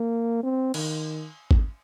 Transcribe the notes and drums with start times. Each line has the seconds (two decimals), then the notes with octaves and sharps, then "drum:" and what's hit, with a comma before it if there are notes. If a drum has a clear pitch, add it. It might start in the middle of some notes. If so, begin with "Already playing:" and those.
Already playing: A#3
0.43 C4
0.74 D#3, drum: cymbal
1.51 drum: kick G#1